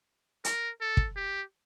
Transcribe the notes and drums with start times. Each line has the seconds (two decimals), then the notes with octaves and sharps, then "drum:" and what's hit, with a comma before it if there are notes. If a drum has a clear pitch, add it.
0.45 A#4, drum: hi-hat
0.81 A4
0.97 drum: kick
1.17 G4